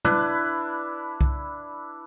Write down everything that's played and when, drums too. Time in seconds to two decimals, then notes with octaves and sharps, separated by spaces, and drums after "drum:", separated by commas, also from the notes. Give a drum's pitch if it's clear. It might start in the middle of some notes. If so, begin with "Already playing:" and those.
0.05 D4 E4 B4, drum: tom
1.21 drum: kick C2